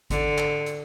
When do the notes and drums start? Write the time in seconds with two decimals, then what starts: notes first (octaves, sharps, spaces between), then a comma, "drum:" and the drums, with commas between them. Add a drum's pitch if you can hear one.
0.10 D3, drum: kick G#1, hi-hat
0.38 drum: clap
0.66 drum: hi-hat